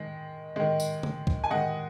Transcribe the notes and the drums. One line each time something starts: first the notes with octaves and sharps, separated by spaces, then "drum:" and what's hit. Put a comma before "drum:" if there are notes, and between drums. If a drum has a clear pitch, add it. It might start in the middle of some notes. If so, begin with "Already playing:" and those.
Already playing: D#3 G#3
D#3 G#3
drum: tambourine
drum: tom C#3
drum: kick
G#5
D#3 G#3 D#5 F#5